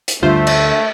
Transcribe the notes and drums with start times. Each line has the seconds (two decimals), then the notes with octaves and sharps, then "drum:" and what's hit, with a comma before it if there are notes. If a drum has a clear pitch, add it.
0.08 drum: hi-hat
0.23 D2 G2 D3 A3 F4 C5 E5
0.47 drum: cymbal